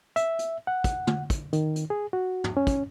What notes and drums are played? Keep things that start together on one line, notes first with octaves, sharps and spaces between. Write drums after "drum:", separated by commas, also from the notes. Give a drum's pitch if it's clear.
E5, drum: hi-hat
drum: hi-hat
F#5
drum: kick, hi-hat
drum: tom
drum: kick, hi-hat
D#3, drum: hi-hat
drum: hi-hat
G#4
F#4
drum: tom
C#4
drum: kick, hi-hat